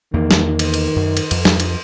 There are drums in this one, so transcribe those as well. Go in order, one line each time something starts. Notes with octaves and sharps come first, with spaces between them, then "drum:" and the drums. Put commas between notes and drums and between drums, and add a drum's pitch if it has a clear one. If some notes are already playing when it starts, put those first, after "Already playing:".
E2 D#3 A#3
drum: snare
drum: cymbal
drum: cymbal
F#2
drum: cymbal
F2, drum: cymbal
drum: snare
drum: cymbal